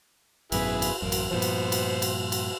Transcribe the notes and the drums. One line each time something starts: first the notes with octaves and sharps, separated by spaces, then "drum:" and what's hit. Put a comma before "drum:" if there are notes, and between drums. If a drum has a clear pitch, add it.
G#1 F#2 B2 E4 G#4 B4, drum: cymbal
drum: cymbal
A1 F#2 A#3
drum: cymbal
G2 A#2 F3 B3 C5
drum: cymbal
drum: cymbal
drum: cymbal
drum: cymbal